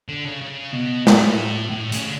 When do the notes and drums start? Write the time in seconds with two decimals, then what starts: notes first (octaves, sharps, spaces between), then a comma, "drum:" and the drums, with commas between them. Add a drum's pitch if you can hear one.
0.09 D3
0.25 C#3
0.41 C#3
0.73 B2
1.07 A2, drum: snare
1.70 A2
1.92 C#3, drum: hi-hat
2.04 D3